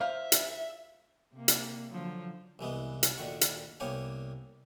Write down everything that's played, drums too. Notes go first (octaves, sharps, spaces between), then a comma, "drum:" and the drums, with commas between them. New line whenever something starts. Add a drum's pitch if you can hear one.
F4 C5 E5 F5
drum: hi-hat
C3 A#3
drum: hi-hat
D3 F3 F#3
C2 E3 G#3 B3
drum: hi-hat
D2 A#2 D#3 F#5 C#6
drum: hi-hat
C2 A#3 B3 G4 C#5 G#5